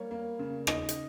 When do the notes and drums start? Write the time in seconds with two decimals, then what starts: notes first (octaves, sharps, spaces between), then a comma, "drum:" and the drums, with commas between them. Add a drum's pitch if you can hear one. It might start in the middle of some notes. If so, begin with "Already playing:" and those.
Already playing: G3 A#3 C#5
0.11 A#3
0.39 C#3
0.67 D#4 D#5, drum: rim click
0.89 drum: hi-hat